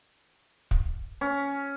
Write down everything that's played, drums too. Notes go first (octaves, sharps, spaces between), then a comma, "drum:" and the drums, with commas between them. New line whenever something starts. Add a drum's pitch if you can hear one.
drum: kick
C#4